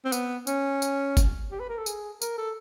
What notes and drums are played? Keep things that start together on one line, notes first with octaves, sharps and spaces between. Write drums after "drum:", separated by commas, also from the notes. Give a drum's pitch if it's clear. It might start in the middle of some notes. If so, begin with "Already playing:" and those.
C4
B3, drum: tambourine
C#4, drum: tambourine
drum: tambourine
drum: kick F#1, tambourine
G4
B4
A#4
A4
G#4, drum: tambourine
A#4, drum: tambourine
A4